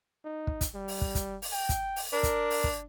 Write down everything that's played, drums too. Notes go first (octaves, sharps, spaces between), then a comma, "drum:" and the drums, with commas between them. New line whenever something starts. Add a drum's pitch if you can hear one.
D#4
drum: kick
drum: kick, hi-hat
G3
drum: open hi-hat
drum: kick
drum: kick, hi-hat
drum: open hi-hat
G5
drum: kick, hi-hat
drum: open hi-hat
D4 A#4
drum: kick, hi-hat
drum: open hi-hat
drum: kick